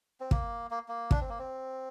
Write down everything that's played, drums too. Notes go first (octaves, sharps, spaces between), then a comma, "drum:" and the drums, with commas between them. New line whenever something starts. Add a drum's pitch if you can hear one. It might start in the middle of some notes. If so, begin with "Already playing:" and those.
C4
A#3, drum: kick
A#3
A#3
D4, drum: kick
C4
A#3
C4